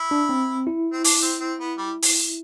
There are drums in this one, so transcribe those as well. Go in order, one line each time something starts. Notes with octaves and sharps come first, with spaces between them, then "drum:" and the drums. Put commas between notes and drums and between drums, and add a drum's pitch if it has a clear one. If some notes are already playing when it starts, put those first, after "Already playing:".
Already playing: E4
D4
C4
E4
C4
D4, drum: open hi-hat
C4
C4
B3
G3
drum: open hi-hat